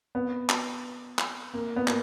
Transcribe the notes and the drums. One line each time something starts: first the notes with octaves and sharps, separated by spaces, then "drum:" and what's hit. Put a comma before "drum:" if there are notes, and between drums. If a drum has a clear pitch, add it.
B3
drum: clap
drum: clap
A#3
B3
A#3, drum: clap